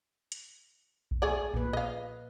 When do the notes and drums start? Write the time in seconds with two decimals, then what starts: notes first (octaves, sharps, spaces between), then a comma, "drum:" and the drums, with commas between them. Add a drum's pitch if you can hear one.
0.32 drum: hi-hat
1.11 drum: kick
1.22 A3 G#4 D5
1.54 A#2 B4, drum: kick
1.73 D#5 F5